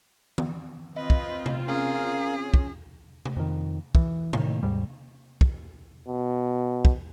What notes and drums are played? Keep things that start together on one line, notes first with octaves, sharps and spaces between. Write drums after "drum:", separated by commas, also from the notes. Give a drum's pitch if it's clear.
drum: tom D#3
C4 F4 B4 D#5
drum: kick
drum: tom C3
C#4 G#4 A#4 F5
drum: kick
drum: tom C3
F2 D#3
E3, drum: kick
A2 D#3, drum: tom C3
D#2 G#2 G3
drum: kick
B2
drum: kick